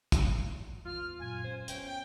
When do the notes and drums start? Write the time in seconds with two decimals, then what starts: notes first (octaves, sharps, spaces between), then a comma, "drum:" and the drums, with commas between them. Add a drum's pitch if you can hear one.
0.12 drum: kick, hi-hat
0.85 E2 F4 F6
1.20 F#2 A#2 G#5
1.44 C#4 C5
1.68 B3 C#4 G5, drum: hi-hat
1.84 G5